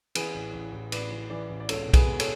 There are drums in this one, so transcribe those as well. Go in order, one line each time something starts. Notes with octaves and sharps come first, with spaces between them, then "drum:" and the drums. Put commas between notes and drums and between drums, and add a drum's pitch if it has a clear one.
E3 G#4 B4, drum: cymbal
A1
A1
A1
A2 B4 D5, drum: cymbal
E3
E3 B4 D5
A1
D5
C#2 A4 C#5, drum: cymbal
B2
G#4 B4, drum: kick B1, cymbal
B2
A4 C#5, drum: cymbal